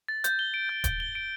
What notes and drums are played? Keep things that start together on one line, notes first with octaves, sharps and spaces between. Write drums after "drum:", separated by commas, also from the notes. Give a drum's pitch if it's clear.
A6
G6, drum: hi-hat
G7
D7
G6
G6, drum: kick D#1, hi-hat
G7
D7